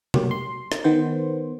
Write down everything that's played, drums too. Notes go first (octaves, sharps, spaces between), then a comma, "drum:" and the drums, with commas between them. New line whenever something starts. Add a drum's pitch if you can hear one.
F#3 A#3 G4, drum: tom C3
C6
drum: rim click
D#3 B3 C5